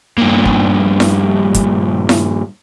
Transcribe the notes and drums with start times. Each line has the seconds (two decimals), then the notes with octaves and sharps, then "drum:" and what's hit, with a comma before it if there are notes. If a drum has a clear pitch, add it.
0.18 G2 A#2
0.45 drum: kick
1.00 drum: snare E4
1.54 drum: kick, hi-hat
2.09 drum: snare E4